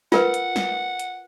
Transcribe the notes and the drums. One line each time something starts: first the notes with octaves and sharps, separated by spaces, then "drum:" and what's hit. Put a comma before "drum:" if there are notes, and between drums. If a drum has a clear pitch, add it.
F4 A#4 B4 F#5, drum: snare
drum: hi-hat
drum: snare
drum: hi-hat